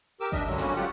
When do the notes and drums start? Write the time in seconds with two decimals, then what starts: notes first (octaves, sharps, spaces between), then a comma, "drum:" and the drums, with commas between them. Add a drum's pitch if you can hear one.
0.21 G4 A#4 D6 E6
0.32 D4 D#5 E5, drum: kick, tambourine
0.47 G2 D3 F#3 G#3, drum: tambourine
0.59 D3 G3 A#3 C#4 F#4, drum: snare
0.76 F#3 G#3 F4 G4 F#5, drum: tambourine